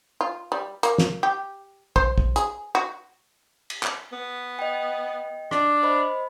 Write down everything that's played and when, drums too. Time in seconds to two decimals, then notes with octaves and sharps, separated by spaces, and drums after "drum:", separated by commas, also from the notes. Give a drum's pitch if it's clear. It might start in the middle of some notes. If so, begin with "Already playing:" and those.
0.21 F4
0.52 G3
0.83 A#3, drum: hi-hat
0.98 drum: snare
1.23 G4
1.96 C5, drum: kick
2.18 drum: kick
2.36 G#4, drum: hi-hat
2.75 F#4
3.70 drum: cymbal
3.83 drum: clap
4.12 B3
4.59 D#5 G5
5.51 D4, drum: rim click
5.83 C5 D#5 B5